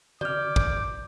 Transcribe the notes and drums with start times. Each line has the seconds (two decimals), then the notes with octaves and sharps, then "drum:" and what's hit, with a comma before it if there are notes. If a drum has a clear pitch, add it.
0.21 D5 D6 F6 G6, drum: tom D3
0.56 drum: kick